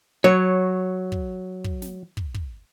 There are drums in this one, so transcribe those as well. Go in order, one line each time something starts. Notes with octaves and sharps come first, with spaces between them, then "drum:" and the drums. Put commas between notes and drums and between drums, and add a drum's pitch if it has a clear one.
F#3 C#5
drum: kick
drum: kick
drum: snare
drum: kick
drum: kick